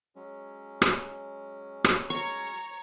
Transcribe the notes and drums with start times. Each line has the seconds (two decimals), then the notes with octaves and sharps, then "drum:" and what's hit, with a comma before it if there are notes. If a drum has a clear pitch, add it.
0.16 F#3 G#3 C#4
0.82 drum: rim click
1.84 drum: rim click
2.10 C#5 A#5 C#6